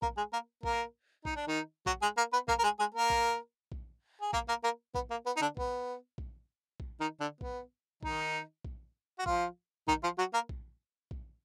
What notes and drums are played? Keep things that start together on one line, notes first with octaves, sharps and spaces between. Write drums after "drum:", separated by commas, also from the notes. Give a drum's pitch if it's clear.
A#3 A#4, drum: kick A#1
G#3 G#4
A#3 A#4
A#3 A#4, drum: kick A#1
D#4, drum: kick A#1
D4
D#3 D#4
F#3 F#4, drum: kick A#1
G#3 G#4
A#3 A#4
B3 B4
A#3 A#4, drum: kick A#1
A#4
G#3 G#4
G#3 G#4
A#3 A#4
drum: kick A#1
drum: kick A#1
G#4
A#3 A#4, drum: kick A#1
A#3 A#4
A#3 A#4
B3, drum: kick A#1
A#3
B3
D#4
D3 D4
B3, drum: kick A#1
drum: kick A#1
drum: kick A#1
D#3 D#4
D3 D4
B3, drum: kick A#1
D#3 D#4, drum: kick A#1
drum: kick A#1
F#4
F3 F4, drum: kick A#1
D#3 D#4, drum: kick A#1
F3 F4
F#3 F#4
A#3 A#4
drum: kick A#1
drum: kick A#1